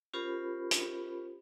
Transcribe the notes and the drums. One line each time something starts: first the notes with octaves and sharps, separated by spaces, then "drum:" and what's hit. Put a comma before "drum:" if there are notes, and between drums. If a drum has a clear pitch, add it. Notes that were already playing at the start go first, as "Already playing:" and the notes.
C#4 F4 G4 A#4 C5 B5
drum: hi-hat